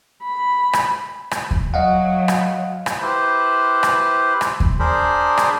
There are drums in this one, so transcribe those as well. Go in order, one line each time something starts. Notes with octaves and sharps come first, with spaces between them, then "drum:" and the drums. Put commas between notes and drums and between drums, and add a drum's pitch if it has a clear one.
B5
drum: rim click
drum: rim click
drum: kick D#2
F#3 D#5 F5 F#5
drum: rim click
drum: rim click
E4 G4 B4 C5
drum: rim click
drum: rim click
drum: kick D#2
D4 G#4 A#4 C5 B5
drum: rim click